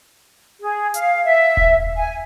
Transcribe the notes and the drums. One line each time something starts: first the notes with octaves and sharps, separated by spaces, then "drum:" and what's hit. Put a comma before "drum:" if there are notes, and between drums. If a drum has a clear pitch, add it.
G#4
F5, drum: hi-hat
E5
drum: kick D#1
G#5